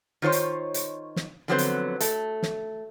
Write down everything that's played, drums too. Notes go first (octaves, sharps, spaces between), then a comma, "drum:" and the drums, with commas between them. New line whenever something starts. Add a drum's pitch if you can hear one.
D#3 F4 C5 C#5
drum: hi-hat
drum: hi-hat
drum: snare
D3 F3 F#3 B3 C4 C5
drum: hi-hat
A3, drum: hi-hat
drum: snare